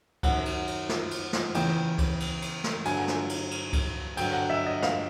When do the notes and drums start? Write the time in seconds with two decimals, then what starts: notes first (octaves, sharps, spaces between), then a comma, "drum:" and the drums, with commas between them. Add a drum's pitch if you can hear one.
0.23 F#2 D#3 F#3 F#5, drum: kick C#2, cymbal
0.45 drum: cymbal
0.67 drum: cymbal
0.89 drum: snare
1.11 drum: cymbal
1.33 drum: snare
1.54 E2 C#3 E3 G5, drum: cymbal
1.98 drum: kick C#2, cymbal
2.20 drum: cymbal
2.42 drum: cymbal
2.64 drum: snare
2.85 G2 D3 F#3 G#5, drum: cymbal
3.08 drum: snare
3.29 drum: cymbal
3.51 drum: cymbal
3.73 drum: kick C#2, cymbal
4.17 G2 D3 F#3 G5, drum: cymbal
4.33 F#5
4.50 E5
4.66 D#5
4.82 F5, drum: snare